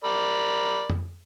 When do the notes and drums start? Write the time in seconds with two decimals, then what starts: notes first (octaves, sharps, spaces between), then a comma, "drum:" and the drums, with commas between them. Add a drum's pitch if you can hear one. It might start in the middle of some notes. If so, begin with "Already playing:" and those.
0.04 A#4 D5 B5
0.90 drum: tom F2